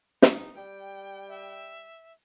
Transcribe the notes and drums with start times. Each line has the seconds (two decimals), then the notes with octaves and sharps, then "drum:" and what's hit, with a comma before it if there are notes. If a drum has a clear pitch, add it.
0.22 D#4, drum: snare
0.58 G3 G5
1.28 E5